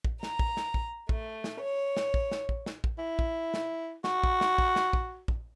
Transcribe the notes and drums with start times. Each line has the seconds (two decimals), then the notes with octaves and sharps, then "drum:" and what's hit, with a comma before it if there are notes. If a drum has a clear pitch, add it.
0.04 drum: kick
0.23 A#5, drum: snare
0.39 drum: kick
0.57 drum: snare
0.74 drum: kick
1.09 A3, drum: kick
1.44 drum: snare
1.61 C#5
1.97 drum: snare
2.14 drum: kick
2.31 drum: snare
2.49 drum: kick
2.66 drum: snare
2.84 drum: kick
2.99 E4
3.19 drum: kick
3.54 drum: snare
4.04 F#4, drum: snare
4.24 drum: kick
4.41 drum: snare
4.58 drum: kick
4.76 drum: snare
4.93 drum: kick
5.28 drum: kick